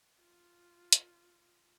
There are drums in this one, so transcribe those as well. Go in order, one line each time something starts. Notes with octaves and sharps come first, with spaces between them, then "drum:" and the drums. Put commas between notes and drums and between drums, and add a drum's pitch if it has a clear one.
F4
drum: hi-hat